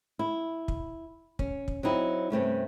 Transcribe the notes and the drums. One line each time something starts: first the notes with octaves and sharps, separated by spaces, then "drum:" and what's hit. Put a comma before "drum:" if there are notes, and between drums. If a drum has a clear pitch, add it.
E4
drum: kick
C#4, drum: kick
drum: kick
F#3 C4 D#4 E4
G2 C3 A3 C#4